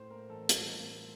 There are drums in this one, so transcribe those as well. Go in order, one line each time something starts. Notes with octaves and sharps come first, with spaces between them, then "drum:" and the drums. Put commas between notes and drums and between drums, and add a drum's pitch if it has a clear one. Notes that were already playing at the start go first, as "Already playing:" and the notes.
Already playing: A2 C5
A#3 A#4
A1 A4
G3 A#4, drum: hi-hat
A2
A#3